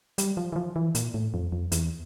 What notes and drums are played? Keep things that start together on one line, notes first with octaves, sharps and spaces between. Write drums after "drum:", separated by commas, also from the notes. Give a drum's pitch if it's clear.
G3, drum: hi-hat
F3
E3
F3
E3
A#2, drum: hi-hat
A2
F2
F2
E2, drum: hi-hat